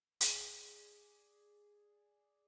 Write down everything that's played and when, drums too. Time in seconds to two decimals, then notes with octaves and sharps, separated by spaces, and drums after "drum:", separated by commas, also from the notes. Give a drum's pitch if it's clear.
0.21 G#4 D5 G#5, drum: hi-hat